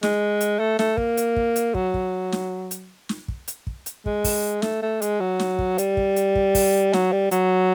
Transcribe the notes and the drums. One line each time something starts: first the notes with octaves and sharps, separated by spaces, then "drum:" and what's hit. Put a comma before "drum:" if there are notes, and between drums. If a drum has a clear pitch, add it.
G#3, drum: snare
drum: hi-hat
A3
A3, drum: snare
A#3, drum: kick
drum: hi-hat
drum: kick
drum: hi-hat
F#3, drum: kick
drum: kick
drum: snare
drum: hi-hat
drum: snare
drum: kick
drum: hi-hat
drum: kick
drum: hi-hat
G#3, drum: kick
drum: kick, open hi-hat
A3, drum: snare
A3
G#3, drum: hi-hat
F#3
drum: snare
drum: kick
G3, drum: hi-hat
drum: kick
drum: hi-hat
drum: kick
drum: kick, open hi-hat
F#3, drum: snare
G3
F#3, drum: hi-hat